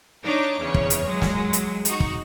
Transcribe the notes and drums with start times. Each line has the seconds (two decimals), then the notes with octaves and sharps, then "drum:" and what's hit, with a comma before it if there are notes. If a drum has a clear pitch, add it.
0.23 D4 D#4 C#5 D6
0.59 E2 C#3 C#5
0.74 drum: kick
0.90 drum: hi-hat
1.06 F#3 G#3
1.22 drum: snare
1.53 drum: hi-hat
1.85 D#4 F#4, drum: hi-hat
2.00 drum: kick